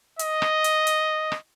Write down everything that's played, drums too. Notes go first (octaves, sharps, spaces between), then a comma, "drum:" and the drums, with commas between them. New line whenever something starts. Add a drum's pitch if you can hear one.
D#5, drum: hi-hat
drum: rim click
drum: hi-hat
drum: hi-hat
drum: rim click